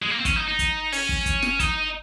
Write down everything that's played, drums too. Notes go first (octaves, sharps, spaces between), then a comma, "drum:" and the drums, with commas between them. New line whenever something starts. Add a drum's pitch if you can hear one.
G#3
A#3
C4
C#4, drum: kick, hi-hat
D#4
D#4
drum: kick, hi-hat
C#4, drum: open hi-hat
drum: kick
drum: kick, hi-hat
drum: snare
D#4, drum: kick, hi-hat